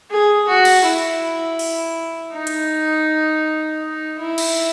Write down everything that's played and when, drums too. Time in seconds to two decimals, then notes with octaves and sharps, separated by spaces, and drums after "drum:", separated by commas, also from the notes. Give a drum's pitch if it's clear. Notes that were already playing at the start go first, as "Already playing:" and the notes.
0.10 G#4
0.48 F#4
0.65 drum: cymbal
0.85 E4
1.59 drum: open hi-hat
2.33 D#4
2.47 drum: hi-hat
3.82 D#4
4.19 E4
4.38 drum: cymbal